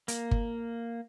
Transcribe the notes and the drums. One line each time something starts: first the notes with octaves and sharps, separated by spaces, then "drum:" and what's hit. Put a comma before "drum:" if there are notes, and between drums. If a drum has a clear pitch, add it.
A#3, drum: hi-hat
drum: kick G1